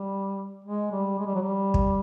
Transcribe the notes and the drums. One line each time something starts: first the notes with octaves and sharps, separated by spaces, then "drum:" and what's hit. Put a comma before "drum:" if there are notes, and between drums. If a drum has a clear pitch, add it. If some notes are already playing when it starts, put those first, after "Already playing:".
Already playing: G3
G#3
G3
G#3
G3
F#3
G3
drum: kick